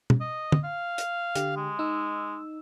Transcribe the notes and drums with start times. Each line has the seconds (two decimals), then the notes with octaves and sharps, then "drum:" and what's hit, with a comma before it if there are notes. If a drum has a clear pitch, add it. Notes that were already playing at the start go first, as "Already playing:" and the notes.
0.10 drum: tom
0.21 D#5
0.52 drum: tom
0.64 F5
0.98 drum: hi-hat
1.35 D3 G4, drum: hi-hat
1.57 G#3
1.79 D#4 E6